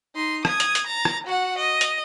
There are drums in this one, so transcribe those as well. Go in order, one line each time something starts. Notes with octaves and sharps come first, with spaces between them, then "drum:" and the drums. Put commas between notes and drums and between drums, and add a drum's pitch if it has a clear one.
D#4 C6
D#6 G#6, drum: rim click
drum: hi-hat
drum: hi-hat
A#5 A6
drum: rim click
F#4 F#5
D#5
drum: hi-hat